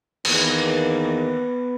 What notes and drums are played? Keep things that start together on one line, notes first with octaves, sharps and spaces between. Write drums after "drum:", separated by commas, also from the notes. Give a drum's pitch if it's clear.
E2 D#3 A#3 B3, drum: cymbal